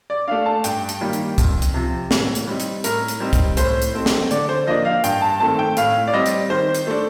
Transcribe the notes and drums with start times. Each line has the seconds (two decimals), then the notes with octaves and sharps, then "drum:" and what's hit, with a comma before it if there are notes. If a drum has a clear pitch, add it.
0.10 D5
0.28 A3 D4 F5
0.46 A5
0.64 G2 G5, drum: hi-hat
0.89 drum: hi-hat
1.01 D#3 G3 A#3
1.13 drum: hi-hat
1.38 F2, drum: kick C2, hi-hat
1.62 drum: hi-hat
1.74 C3 F3
2.11 A2, drum: snare
2.35 drum: hi-hat
2.47 G3 C4 D#4
2.60 drum: hi-hat
2.84 A2 A#4, drum: hi-hat
3.08 drum: hi-hat
3.20 G3 C4 D#4
3.33 drum: kick C2, hi-hat
3.57 A2 C5, drum: hi-hat
3.82 drum: hi-hat
3.94 A3 C4 D#4
4.06 drum: snare
4.31 D3 D5, drum: hi-hat
4.49 C5
4.67 F3 A#3 D4 D#5
4.85 F5
5.04 G2 G5, drum: hi-hat
5.22 A5
5.40 D#3 A3 C4 A5
5.59 G5
5.77 A2 F5, drum: hi-hat
6.07 D5
6.13 G3 C4 D#5
6.26 drum: hi-hat
6.50 D#3 C5
6.75 drum: hi-hat
6.87 A3 D4